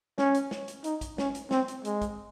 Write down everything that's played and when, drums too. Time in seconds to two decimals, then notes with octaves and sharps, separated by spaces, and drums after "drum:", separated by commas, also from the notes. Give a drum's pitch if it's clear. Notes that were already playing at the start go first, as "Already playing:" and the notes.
0.18 C#4, drum: snare
0.35 drum: hi-hat
0.51 drum: snare
0.68 drum: hi-hat
0.84 D#4, drum: hi-hat
1.01 drum: kick A#1, hi-hat
1.18 C#4, drum: snare
1.35 drum: hi-hat
1.51 C4, drum: snare
1.68 drum: hi-hat
1.85 G#3, drum: hi-hat
2.02 drum: kick A#1, hi-hat